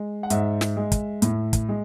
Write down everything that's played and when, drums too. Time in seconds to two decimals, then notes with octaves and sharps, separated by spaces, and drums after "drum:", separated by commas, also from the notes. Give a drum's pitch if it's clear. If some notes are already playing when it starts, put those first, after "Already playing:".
Already playing: G#3
0.23 F#5
0.30 G#2 E5, drum: hi-hat
0.61 drum: snare
0.77 G#3
0.92 drum: kick, hi-hat
1.22 A2, drum: hi-hat
1.53 drum: kick, hi-hat
1.69 G#3